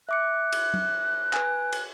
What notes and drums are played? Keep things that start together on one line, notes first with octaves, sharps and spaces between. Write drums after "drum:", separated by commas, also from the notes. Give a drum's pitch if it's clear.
E5 D6 F#6 C#7
drum: cymbal
drum: tom F#3
B4 G#5, drum: clap
drum: cymbal